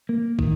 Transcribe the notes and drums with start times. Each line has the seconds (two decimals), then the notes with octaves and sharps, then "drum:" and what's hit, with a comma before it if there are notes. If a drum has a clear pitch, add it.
0.09 A#3
0.39 D#3, drum: kick